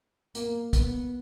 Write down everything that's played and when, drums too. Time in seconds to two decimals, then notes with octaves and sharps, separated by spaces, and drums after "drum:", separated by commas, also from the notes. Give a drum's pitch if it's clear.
0.35 A#3, drum: hi-hat
0.73 B3, drum: kick, hi-hat